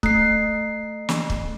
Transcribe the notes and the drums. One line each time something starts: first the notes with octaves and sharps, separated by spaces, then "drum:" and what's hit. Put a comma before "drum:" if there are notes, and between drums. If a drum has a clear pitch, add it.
A3 C7, drum: kick
drum: snare
drum: kick